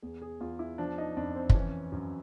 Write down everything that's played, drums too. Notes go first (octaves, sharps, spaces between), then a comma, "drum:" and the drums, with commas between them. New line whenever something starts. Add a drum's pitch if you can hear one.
E2 G#4
G#4
E2 F4
E4
F3 D4
D#4
F2 D4
C4
C4, drum: kick F#1
E3 C#4
F#2